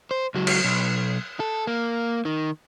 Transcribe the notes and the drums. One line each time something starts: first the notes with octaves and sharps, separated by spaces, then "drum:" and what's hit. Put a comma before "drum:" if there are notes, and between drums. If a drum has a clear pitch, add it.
C5
C#2 F#3
drum: cymbal
B1
A4
A#3
D#3